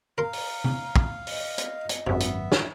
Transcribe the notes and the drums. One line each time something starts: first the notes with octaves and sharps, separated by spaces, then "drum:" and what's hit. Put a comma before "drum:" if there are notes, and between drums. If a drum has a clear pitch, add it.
A#4 F5 A#5 C6
drum: open hi-hat
drum: tom
drum: kick
D#5, drum: open hi-hat
drum: hi-hat
drum: hi-hat
G#1 F#2 C3 B3 E5
drum: hi-hat
drum: snare